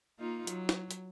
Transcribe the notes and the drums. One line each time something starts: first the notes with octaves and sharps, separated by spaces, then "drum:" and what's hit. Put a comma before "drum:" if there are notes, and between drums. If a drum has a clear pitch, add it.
A#3 D#4 F4
F#3, drum: hi-hat
drum: snare
drum: hi-hat